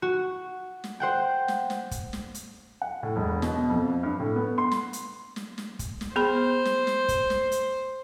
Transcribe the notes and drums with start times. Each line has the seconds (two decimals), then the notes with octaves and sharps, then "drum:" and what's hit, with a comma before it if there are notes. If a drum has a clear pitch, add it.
0.02 F#4
0.84 drum: snare
1.00 C5 F#5 G5
1.48 drum: snare
1.70 drum: snare
1.91 drum: kick, hi-hat
2.13 drum: snare
2.34 drum: hi-hat
2.81 F#5
3.03 A2
3.16 E1
3.42 B2, drum: snare
3.70 F2
4.03 G2
4.20 A2
4.36 B3
4.58 C6
4.71 drum: snare
4.93 drum: hi-hat
5.36 drum: snare
5.58 drum: snare
5.79 drum: kick, hi-hat
6.01 drum: snare
6.16 B3 G#4 C5 B5
6.65 drum: snare
6.87 drum: snare
7.09 drum: kick, hi-hat
7.30 drum: snare
7.52 drum: hi-hat